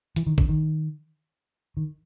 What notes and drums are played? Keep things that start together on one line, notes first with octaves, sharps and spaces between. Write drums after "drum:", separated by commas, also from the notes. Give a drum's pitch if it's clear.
E3, drum: hi-hat
D#3
D3, drum: kick A1
D#3
D#3